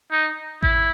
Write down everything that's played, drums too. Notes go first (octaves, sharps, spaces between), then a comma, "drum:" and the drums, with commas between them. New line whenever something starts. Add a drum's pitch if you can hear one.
D#4
E4, drum: kick A1